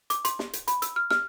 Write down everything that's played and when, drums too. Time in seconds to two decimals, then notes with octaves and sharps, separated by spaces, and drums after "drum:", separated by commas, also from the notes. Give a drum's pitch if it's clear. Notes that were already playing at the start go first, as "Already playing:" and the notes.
0.10 D6, drum: hi-hat
0.25 C6, drum: hi-hat
0.39 drum: snare
0.53 drum: hi-hat
0.68 B5, drum: hi-hat
0.82 E6, drum: hi-hat
0.96 F6
1.11 F6, drum: snare